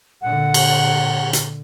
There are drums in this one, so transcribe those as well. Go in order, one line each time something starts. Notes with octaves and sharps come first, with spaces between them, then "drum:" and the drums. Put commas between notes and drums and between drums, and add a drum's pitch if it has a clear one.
A#2 D3 F#5
drum: cymbal
drum: hi-hat